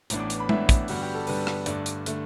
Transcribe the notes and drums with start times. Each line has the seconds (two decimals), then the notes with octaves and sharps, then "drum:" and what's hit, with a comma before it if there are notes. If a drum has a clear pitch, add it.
0.10 A1 A2 E3 B3 D4, drum: hi-hat
0.20 D6
0.30 drum: hi-hat
0.40 B5
0.49 A1 A2 E3 B3 D4 E5, drum: tom G#3
0.69 drum: kick, hi-hat
0.88 G2 D3 G3 B3 F#4, drum: open hi-hat
1.02 G4
1.15 A4
1.27 G2 D3 G3 B3 B4, drum: open hi-hat
1.47 drum: rim click
1.66 G2 D3 A3 D5, drum: hi-hat
1.86 drum: hi-hat
2.06 D3 A3, drum: hi-hat